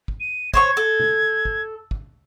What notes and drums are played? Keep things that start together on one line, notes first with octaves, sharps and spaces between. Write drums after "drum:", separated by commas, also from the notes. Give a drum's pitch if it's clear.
drum: kick
D#7
C5 C#5 C#6 G#6, drum: kick
A4
drum: tom C3
drum: kick
drum: kick